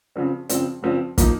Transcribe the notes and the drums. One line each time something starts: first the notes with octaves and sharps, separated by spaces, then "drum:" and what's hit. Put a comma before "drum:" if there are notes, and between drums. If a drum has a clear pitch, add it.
C#3 F3 C4
C#3 F3 C4, drum: hi-hat
C#3 F3 C4
F3 A#3 D#4, drum: kick, hi-hat